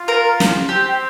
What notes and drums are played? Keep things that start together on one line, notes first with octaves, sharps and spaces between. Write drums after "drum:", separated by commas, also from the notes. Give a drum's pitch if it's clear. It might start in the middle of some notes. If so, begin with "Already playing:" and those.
Already playing: F4
A#4
drum: snare
C4 G4